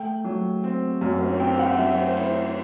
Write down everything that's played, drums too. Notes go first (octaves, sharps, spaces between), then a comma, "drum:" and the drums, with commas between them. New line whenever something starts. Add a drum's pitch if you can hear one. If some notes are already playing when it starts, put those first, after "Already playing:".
Already playing: A3 G5
F#3
C4
F#2
drum: cymbal
C4 G5
F#5
F#3 E5
C5
E4 C5, drum: cymbal